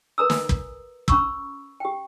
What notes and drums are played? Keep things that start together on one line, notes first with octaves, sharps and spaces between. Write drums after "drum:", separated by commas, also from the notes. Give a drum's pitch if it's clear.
A#4 B4 A#5 D#6 E6
drum: snare
drum: kick
C#4 B5 C#6 E6, drum: kick
G4 G5